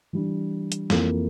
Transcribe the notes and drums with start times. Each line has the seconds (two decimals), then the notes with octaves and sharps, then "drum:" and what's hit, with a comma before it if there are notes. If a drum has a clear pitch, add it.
0.13 E3 G3 D4
0.72 drum: hi-hat
0.90 F2 E3 A#3 F4, drum: snare